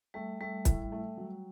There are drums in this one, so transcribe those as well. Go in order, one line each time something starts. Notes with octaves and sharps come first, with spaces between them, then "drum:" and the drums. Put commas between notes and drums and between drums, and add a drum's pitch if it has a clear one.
G3 A3
G3 A3
A2, drum: kick, hi-hat
A3
F#3